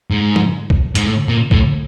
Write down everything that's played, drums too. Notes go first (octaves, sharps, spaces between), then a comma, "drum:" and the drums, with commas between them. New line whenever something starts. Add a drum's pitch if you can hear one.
G#2
drum: tom F3
drum: kick B1
G#2, drum: hi-hat
A2
A#2
A2, drum: kick B1